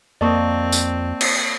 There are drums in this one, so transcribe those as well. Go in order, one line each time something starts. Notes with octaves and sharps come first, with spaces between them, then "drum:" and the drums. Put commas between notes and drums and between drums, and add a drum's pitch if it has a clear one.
F2 A#3 C4 D5 D#5 A5 C#6
drum: tambourine
drum: cymbal